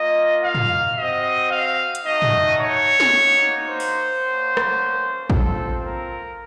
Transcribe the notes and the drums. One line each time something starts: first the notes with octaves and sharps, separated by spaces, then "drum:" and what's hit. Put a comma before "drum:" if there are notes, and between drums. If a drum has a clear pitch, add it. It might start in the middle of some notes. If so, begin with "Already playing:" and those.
Already playing: A#3 F4 D#5
F5
drum: tom
C4 F#4 D#5
F5
drum: hi-hat
A3 D#4 F#4 D#5
drum: tom
C#5
drum: snare
A#3 D#4 F#4
C5
drum: open hi-hat
A#3 C#4 F#4
drum: rim click
C4 F4 A4, drum: kick
A#4